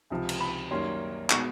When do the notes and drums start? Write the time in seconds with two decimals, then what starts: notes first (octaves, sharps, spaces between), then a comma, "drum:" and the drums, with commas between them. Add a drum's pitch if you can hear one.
0.10 C#2 C3 F3
0.29 drum: cymbal
0.41 B5
0.71 F#2 D#3 G3 A#3 C#4 C6
1.30 B2 G#3 B3 C#6, drum: clap